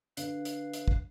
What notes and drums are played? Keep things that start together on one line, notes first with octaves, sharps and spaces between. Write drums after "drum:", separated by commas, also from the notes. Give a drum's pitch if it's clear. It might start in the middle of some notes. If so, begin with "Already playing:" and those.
D3 B4 F5, drum: hi-hat
drum: hi-hat
drum: hi-hat
drum: kick